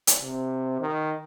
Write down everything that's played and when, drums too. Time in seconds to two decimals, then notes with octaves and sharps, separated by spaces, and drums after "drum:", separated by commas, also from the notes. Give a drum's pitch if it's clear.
0.07 drum: hi-hat
0.21 C3
0.80 D#3